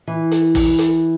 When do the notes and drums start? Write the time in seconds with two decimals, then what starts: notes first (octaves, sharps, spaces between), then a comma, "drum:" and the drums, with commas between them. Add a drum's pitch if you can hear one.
0.07 E3
0.31 drum: hi-hat
0.55 drum: kick, open hi-hat
0.79 drum: hi-hat